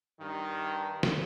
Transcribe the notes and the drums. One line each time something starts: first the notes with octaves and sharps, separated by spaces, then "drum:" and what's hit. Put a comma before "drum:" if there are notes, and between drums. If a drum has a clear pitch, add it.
G2 D#3
drum: snare